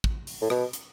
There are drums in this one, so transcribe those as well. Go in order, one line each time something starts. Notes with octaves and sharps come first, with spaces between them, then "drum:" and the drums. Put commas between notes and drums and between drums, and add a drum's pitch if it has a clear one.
drum: kick
drum: open hi-hat
A2
B2, drum: rim click
drum: hi-hat